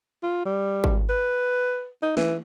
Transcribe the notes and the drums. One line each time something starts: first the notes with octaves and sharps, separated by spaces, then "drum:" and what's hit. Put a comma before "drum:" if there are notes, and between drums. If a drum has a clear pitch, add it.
F4
G3
drum: kick G#1
B4
D#4
E3, drum: snare